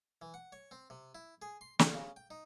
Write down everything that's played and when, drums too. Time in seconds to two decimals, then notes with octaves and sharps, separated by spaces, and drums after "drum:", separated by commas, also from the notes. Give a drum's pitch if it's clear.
0.22 E3
0.34 F#5
0.52 C#5
0.71 C4
0.90 C3
1.15 E4
1.42 G#4
1.61 C6
1.79 D3, drum: snare
1.95 C#3
2.16 G5
2.31 D#4